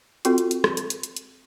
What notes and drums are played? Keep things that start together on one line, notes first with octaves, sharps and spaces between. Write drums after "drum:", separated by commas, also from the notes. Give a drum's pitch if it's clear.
C4 F4 F#4 A4, drum: hi-hat
drum: hi-hat
drum: hi-hat
drum: rim click
drum: hi-hat
drum: hi-hat
drum: hi-hat
drum: hi-hat